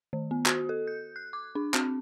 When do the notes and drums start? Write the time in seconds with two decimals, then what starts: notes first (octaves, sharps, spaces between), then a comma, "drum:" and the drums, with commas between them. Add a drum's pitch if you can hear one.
0.13 D#3
0.31 B3
0.46 F#4, drum: clap
0.69 A4
0.87 G6
1.16 F#6
1.33 D6
1.55 D4
1.74 C4, drum: clap